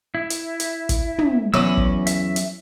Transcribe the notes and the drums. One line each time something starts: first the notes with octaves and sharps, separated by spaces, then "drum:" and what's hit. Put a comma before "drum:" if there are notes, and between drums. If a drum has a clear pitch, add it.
E4
drum: hi-hat
drum: hi-hat
drum: kick, hi-hat
drum: tom
E2 F#3 C#4 B5 D6 E6
drum: kick
E5, drum: hi-hat
drum: hi-hat